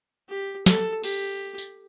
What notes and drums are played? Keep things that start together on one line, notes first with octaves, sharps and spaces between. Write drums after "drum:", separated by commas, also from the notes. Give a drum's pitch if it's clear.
G4
A4, drum: snare
G4, drum: cymbal
drum: tambourine